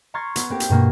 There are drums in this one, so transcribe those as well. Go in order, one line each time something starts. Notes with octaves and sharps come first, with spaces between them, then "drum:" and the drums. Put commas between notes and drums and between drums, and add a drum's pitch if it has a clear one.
A#5 C6 C#6 F6 G#6 A6
B3, drum: hi-hat
A#3 C4 G4
drum: hi-hat
G2 B2 A#3